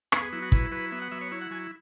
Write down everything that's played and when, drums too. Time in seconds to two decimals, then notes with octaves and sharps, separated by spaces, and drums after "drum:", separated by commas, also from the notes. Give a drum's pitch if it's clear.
0.12 B3 G#5, drum: rim click
0.22 G#4
0.32 F#3 E4
0.42 F#4
0.52 E4 B4, drum: kick
0.72 F#3 B4
0.92 B3 E5
1.02 F#5
1.12 F#3 E5
1.21 C#5
1.31 E4 C#5
1.41 F#5
1.51 F#3 G#5